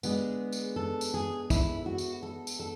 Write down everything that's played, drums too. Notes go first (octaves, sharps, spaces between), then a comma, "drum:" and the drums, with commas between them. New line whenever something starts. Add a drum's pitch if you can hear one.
D3 G#3 B3 G#4, drum: tambourine
drum: tambourine
A4
drum: tambourine
G#4
E4, drum: kick, tambourine
F#4
drum: tambourine
A4
drum: tambourine
A4